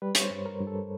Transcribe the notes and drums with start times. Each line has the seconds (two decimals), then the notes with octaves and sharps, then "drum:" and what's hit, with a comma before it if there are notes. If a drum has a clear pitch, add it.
0.02 G3 B4
0.15 C#5, drum: hi-hat
0.23 C5
0.31 G2
0.46 A#4
0.60 G2
0.67 A4